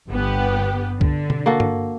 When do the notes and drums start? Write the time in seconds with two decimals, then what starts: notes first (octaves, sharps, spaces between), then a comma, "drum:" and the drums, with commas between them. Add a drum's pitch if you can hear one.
0.10 G1 B3 G4
1.01 D3, drum: kick
1.30 drum: tom B2
1.46 A#3 F#4 A4
1.60 drum: tom G2